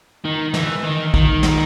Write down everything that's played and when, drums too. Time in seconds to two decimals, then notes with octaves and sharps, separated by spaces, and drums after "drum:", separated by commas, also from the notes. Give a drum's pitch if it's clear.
0.25 D#3
0.54 E3, drum: snare
0.84 D#3
1.14 D#3, drum: kick
1.43 drum: snare